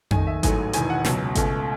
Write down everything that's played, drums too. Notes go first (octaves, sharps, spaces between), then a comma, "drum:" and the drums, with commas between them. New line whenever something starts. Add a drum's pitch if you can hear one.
D#2 D#3 A3 D#4 G#5, drum: tom F2
E5
A1 G#2 F#3 A3 G#5, drum: kick G#1, hi-hat
E1 E2 D#3 G#5, drum: hi-hat
F#5
C#2 B2 F#3, drum: snare
C#2 B2 A3, drum: kick G#1, hi-hat